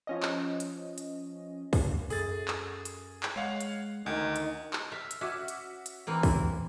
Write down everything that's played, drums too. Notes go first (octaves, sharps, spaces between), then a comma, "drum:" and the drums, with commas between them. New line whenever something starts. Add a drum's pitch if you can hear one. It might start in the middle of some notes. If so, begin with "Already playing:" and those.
F3 C#4 D#5
drum: clap
drum: hi-hat
drum: hi-hat
drum: kick, open hi-hat
F#2 G#4 A4 A6, drum: open hi-hat
drum: clap
drum: hi-hat
drum: clap
G#3 C#5 F5 F#5
drum: hi-hat
D2 D#3
drum: hi-hat
drum: clap
E5 F5
drum: hi-hat
C#4 F#4 E5 D6
drum: hi-hat
drum: hi-hat
E3 A#3 C4
drum: kick, open hi-hat